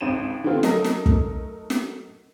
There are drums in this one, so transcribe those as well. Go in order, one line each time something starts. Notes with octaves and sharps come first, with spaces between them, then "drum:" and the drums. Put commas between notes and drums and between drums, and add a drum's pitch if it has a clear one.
G#1 C#2 C4 C5 D#7 E7
D3 E3 A3 B3 C4 F4
F#3 A3 D#4 A4 A#4 D#5, drum: snare
drum: snare
drum: kick
drum: snare